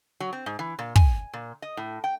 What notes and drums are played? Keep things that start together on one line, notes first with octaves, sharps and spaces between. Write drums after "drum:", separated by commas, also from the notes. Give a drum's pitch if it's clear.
F#3
C4
G#2
E3
A#2
G#5, drum: kick
A#2
D#5
A2
G5